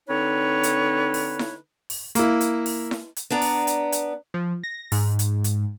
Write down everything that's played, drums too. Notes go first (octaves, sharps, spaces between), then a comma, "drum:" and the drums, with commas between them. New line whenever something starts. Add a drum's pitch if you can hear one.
D3 C4 D#4 B4 C#5
drum: hi-hat
drum: open hi-hat
drum: snare E4
drum: open hi-hat
A#3 E4, drum: hi-hat
drum: hi-hat
drum: open hi-hat
drum: snare E4
drum: hi-hat
B3 D4 D5 A#5
drum: open hi-hat
drum: hi-hat
drum: hi-hat
F3
A#6
G#2, drum: open hi-hat
drum: hi-hat
drum: hi-hat